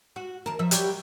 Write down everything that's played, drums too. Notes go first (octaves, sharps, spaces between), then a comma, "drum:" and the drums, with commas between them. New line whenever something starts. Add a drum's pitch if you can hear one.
F#4
D#2 A#4 A5
F3 E5
F#3 G3 G4, drum: hi-hat